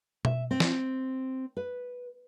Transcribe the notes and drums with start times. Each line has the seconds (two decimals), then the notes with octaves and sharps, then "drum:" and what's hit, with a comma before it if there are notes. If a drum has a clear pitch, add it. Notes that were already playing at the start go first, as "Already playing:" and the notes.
0.25 E5, drum: tom B2
0.51 C4
0.60 drum: snare
1.57 B4